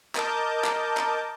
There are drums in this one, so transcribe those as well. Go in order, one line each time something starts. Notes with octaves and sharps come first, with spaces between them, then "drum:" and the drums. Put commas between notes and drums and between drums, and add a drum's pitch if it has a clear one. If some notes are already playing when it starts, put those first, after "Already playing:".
A#4 D#5 A5 D6 G6, drum: clap
drum: clap
drum: clap